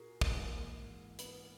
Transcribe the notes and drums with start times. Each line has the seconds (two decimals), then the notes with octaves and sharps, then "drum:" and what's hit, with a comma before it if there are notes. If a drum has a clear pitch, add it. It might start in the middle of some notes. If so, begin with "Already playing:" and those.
Already playing: A#2 F#4 G#4 A#4
0.21 A#4, drum: kick
0.30 G#2 E3 G#4
0.45 A#3
1.19 B3, drum: hi-hat